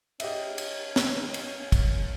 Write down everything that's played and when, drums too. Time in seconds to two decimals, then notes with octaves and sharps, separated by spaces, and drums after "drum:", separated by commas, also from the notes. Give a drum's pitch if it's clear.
0.20 C#4 G4 D#5 E5, drum: cymbal
0.58 drum: cymbal
0.96 drum: snare
1.34 drum: cymbal
1.72 drum: kick, cymbal